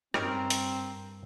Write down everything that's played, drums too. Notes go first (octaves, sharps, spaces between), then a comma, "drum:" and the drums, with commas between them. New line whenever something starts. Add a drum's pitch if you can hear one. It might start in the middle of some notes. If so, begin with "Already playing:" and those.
G2 C4 C#4 D#4 G4 A#4, drum: rim click
drum: hi-hat